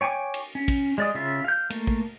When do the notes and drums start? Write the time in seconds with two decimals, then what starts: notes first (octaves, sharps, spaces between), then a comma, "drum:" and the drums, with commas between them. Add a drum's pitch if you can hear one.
0.01 C#5 G5 G#5 C#6 D6
0.34 drum: cymbal
0.55 C#4
0.68 drum: kick, cymbal
0.98 G#3 D5 D#6
1.15 C#3 F4 E5
1.45 F5 G6
1.70 A3 A#3, drum: cymbal
1.87 drum: kick